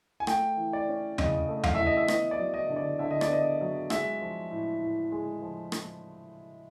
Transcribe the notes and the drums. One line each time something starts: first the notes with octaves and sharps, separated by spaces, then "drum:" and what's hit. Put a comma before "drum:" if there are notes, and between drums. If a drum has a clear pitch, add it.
G#5
A3 G5, drum: rim click
E3
D5
C#4
C#3 D#5, drum: tom E2
A3
F5, drum: tom E2
E3 E5
D#5
E5
B3 D#5, drum: rim click
D5
F#3
D#5
D3
D5
D3 E5
D#5
D5, drum: rim click
B3 D#5
F#3
G#3 E5, drum: rim click
F3
A2
A2
G#3
F3
drum: rim click